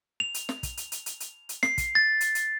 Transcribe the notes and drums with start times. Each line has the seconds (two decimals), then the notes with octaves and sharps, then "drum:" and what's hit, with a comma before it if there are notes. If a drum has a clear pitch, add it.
0.20 F7
0.34 drum: hi-hat
0.49 drum: snare
0.63 drum: kick, hi-hat
0.77 drum: hi-hat
0.92 drum: hi-hat
1.06 drum: hi-hat
1.20 drum: hi-hat
1.49 drum: hi-hat
1.63 C7, drum: snare
1.78 drum: kick, hi-hat
1.95 A6
2.21 drum: hi-hat
2.35 drum: hi-hat